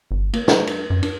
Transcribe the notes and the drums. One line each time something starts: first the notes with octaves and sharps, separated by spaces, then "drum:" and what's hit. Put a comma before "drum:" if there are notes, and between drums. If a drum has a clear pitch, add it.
G1
A#3, drum: cymbal
D4, drum: snare
drum: cymbal
F#2
D4, drum: cymbal